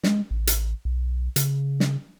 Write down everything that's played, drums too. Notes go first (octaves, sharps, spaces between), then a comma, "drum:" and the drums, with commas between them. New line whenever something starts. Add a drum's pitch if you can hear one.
G#3, drum: snare
A1
drum: hi-hat
B1
C#3, drum: hi-hat
drum: snare